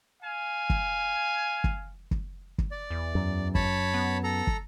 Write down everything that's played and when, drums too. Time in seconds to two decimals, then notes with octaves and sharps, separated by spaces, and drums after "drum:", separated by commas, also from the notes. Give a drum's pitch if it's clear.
0.22 F5 G#5
0.70 drum: kick
1.64 drum: kick
2.11 drum: kick
2.58 drum: kick
2.71 D5
2.91 E2
3.15 F#2
3.55 C#5 A5 B5, drum: kick
3.94 B3
4.24 A4 A#5
4.47 drum: kick